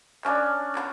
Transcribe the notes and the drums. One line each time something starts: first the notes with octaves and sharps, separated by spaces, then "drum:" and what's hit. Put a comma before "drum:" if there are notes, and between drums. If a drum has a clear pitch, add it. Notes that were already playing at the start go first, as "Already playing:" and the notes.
C#4 D4 C#5, drum: clap
drum: clap